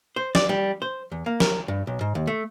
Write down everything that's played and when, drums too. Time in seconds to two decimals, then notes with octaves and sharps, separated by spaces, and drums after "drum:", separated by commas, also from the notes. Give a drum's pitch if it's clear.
0.16 C5
0.35 D5, drum: snare
0.49 G3
0.82 C5
1.12 E2
1.26 A#3
1.40 A#4, drum: snare
1.68 G2
1.87 B1
2.01 G#2
2.15 D#2
2.27 A3